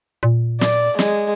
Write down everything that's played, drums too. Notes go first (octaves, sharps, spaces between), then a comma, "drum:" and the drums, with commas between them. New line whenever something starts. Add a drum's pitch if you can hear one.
A#2
D5, drum: snare
G#3, drum: snare